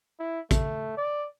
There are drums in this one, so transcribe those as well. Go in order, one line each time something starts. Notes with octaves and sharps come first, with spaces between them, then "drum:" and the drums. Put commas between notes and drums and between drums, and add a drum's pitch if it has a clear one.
E4
A3, drum: kick, hi-hat
D5